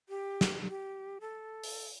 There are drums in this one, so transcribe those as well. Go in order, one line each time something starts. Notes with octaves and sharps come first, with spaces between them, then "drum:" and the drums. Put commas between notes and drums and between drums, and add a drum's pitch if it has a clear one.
G4
drum: snare
G4
A4
drum: open hi-hat